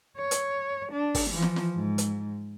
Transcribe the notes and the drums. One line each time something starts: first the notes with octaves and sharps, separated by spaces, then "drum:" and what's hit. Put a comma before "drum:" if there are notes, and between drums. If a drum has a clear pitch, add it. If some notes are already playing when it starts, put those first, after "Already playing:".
C#5
drum: hi-hat
D4
drum: kick, open hi-hat
E3 F3
drum: snare
drum: snare
G#2
drum: hi-hat